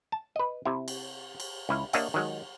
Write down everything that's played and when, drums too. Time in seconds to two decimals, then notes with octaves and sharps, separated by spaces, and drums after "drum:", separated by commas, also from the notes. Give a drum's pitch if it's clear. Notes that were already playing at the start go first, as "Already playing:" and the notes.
0.12 A5
0.36 B4 D#5
0.65 C3 E4
0.88 drum: cymbal
1.40 drum: cymbal
1.69 C#2 E4 F5
1.93 A#3 D4 C#5 D#5 E5 F#5, drum: cymbal
2.14 D#3 F#3 G#3